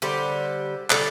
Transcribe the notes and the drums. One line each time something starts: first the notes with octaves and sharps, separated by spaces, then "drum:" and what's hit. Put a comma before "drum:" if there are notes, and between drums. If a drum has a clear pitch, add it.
D3 G3 G4 C5
D3 G3 A4 D5, drum: clap